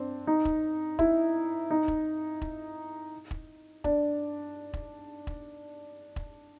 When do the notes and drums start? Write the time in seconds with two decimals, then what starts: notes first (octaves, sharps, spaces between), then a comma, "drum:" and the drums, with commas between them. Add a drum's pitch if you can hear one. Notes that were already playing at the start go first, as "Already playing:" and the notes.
Already playing: C4 D4
0.27 D#4
0.45 drum: kick E1
0.99 E4, drum: kick E1
1.71 D#4
1.88 drum: kick E1
2.42 drum: kick E1
3.31 drum: kick E1
3.84 D4, drum: kick E1
4.73 drum: kick E1
5.27 drum: kick E1
6.16 drum: kick E1